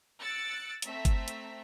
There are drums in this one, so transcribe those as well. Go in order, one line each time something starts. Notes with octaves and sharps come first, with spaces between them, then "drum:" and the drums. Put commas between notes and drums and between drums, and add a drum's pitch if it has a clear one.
E6 F#6 A6 C#7 D7
A3 C4 E5 A#5, drum: hi-hat
drum: kick G1, hi-hat
drum: hi-hat